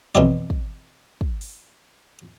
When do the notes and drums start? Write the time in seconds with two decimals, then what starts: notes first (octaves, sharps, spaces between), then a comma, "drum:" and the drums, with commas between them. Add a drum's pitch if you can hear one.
0.15 F2 B2 E3 F#3 D5, drum: kick
0.50 drum: kick
1.21 drum: kick
1.41 drum: open hi-hat